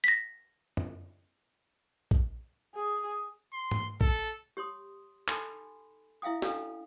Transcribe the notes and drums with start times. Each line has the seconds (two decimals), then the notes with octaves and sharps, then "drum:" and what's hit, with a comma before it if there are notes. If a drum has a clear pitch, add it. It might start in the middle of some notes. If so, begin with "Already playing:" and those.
0.04 A#6 B6
0.77 drum: tom F#2
2.11 drum: kick
2.75 G#4
3.53 C6
3.71 drum: tom G#2
4.01 A4, drum: kick
4.57 G4 C#5 C6 D#6
5.28 D#4 A4 G#5 B5 C6, drum: clap
6.22 E4 E5 F5 G5 D#6
6.42 C#4 D4 A4 F5, drum: snare